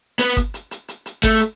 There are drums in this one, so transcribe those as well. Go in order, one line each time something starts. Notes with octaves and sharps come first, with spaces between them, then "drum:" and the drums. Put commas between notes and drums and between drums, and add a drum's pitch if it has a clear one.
B3, drum: hi-hat
drum: kick G1, hi-hat
drum: hi-hat
drum: hi-hat
drum: hi-hat
drum: hi-hat
A3, drum: kick G1, hi-hat
drum: hi-hat